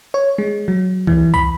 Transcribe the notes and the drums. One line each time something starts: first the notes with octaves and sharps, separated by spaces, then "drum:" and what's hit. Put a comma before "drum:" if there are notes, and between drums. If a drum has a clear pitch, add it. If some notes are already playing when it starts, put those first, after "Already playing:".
C#5
G#3
F#3
E3, drum: kick C2
B5, drum: kick C2